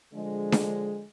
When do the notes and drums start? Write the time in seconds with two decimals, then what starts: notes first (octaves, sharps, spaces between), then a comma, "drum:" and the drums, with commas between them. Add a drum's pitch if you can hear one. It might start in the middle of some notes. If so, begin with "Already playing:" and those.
0.14 D3 F3 G#3
0.52 drum: snare D4